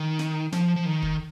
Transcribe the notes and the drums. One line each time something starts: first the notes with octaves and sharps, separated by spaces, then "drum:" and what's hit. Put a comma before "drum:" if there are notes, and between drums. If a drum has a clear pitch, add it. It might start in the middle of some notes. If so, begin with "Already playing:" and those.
Already playing: D#3
drum: snare
F3, drum: snare
F3
D#3
drum: kick